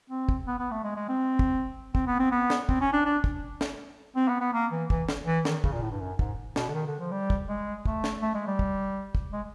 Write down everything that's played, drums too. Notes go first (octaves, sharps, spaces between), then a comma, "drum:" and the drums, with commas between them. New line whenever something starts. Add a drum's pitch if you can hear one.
C4
drum: kick
B3
B3
A3
G#3
G#3
C4
drum: kick
C4, drum: kick
B3
C4
B3
drum: snare
C4, drum: kick
C#4
D4
D4
drum: kick
drum: snare
C4
B3
B3
A#3
E3
E3, drum: kick
drum: snare
E3
D#3, drum: snare
C#3, drum: kick
A#2
A2
G2
F#2
G#2, drum: kick
B2, drum: snare
D3
D#3
D3
F3
G3
drum: kick
G#3
A3, drum: kick
drum: snare
A3
G#3
G3
drum: kick
drum: kick
G#3